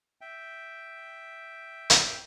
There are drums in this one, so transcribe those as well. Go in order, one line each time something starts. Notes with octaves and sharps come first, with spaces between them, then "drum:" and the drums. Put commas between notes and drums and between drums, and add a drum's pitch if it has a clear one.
E5 G5
drum: hi-hat